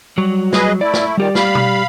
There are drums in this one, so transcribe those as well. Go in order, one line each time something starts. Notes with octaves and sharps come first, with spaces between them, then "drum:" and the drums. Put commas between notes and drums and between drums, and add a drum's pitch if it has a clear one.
F#3 G3 F#4
G#4 B4 D#5, drum: snare
A3 E4 D5
drum: snare
A#2 D#3 G3 G4 D5
F5 B5, drum: snare
drum: tom B2